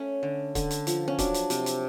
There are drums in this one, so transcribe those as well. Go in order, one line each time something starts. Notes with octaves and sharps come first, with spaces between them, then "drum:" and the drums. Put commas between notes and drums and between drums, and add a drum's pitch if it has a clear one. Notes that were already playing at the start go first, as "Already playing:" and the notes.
Already playing: A3 C#4
D3
D3, drum: kick C#1, hi-hat
drum: hi-hat
F3, drum: hi-hat
C#4
F#3 D4, drum: kick C#1, hi-hat
drum: hi-hat
C3, drum: hi-hat
drum: hi-hat